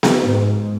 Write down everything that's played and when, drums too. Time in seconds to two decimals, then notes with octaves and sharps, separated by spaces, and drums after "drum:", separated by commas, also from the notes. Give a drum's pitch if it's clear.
0.03 drum: snare B3
0.24 G#2